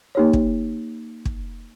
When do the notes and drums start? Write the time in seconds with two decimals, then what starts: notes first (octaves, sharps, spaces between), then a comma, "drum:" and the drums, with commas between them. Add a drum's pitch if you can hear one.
0.15 A#3 D#4 G4 C#5
0.33 drum: kick
1.25 drum: kick